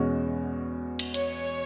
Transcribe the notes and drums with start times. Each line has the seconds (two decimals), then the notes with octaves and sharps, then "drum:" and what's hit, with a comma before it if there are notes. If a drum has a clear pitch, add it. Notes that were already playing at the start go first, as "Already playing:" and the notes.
Already playing: E2 B2 G#3 C#4 F#4
0.99 drum: cymbal
1.14 C#5, drum: hi-hat